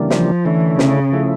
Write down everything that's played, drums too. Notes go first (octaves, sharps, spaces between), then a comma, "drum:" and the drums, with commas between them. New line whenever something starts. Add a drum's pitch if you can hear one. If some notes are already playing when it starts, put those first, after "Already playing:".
Already playing: C#3 E3 G3 A#3 D4
F3, drum: snare
D3 E3 A3 C#4 E4
C#3, drum: snare
F3 A3 E4